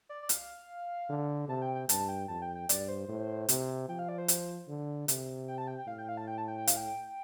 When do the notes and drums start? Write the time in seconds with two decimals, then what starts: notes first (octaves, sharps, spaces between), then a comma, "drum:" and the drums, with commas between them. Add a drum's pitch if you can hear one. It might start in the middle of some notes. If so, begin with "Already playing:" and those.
0.09 D5
0.23 D5
0.29 F5, drum: hi-hat
1.10 D3
1.49 C3 A5
1.62 G5
1.75 G5
1.89 G2 A5, drum: hi-hat
2.09 G5
2.28 F2 A5
2.42 G5
2.55 G5
2.69 G2 D5, drum: hi-hat
2.88 C5
3.09 A2
3.49 C3, drum: hi-hat
3.89 F3 G5
3.99 F5
4.09 D5
4.18 C5
4.28 drum: hi-hat
4.68 D3
5.08 C3, drum: hi-hat
5.48 G5
5.58 A5
5.68 G5
5.78 G5
5.87 A2 F5
5.98 G5
6.09 F5
6.17 A5
6.27 G5
6.38 A5
6.48 G5
6.58 G5
6.67 F5, drum: hi-hat
6.77 G5